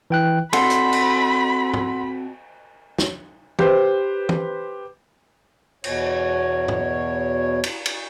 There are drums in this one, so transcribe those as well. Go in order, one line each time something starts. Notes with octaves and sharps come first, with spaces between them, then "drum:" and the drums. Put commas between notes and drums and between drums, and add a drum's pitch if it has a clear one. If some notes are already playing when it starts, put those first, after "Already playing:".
E3 G5 F#6
C4 F#4 A4 F#5 B5 C6, drum: cymbal
drum: hi-hat
drum: cymbal
drum: tom
drum: snare
G4 B4 C5, drum: tom
drum: tom
E2 B2 C#5, drum: cymbal
drum: tom
drum: cymbal
drum: cymbal